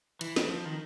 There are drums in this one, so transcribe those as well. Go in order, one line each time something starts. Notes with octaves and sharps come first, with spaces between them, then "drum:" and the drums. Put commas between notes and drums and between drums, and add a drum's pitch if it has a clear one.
E3, drum: hi-hat
drum: snare
F3
D#3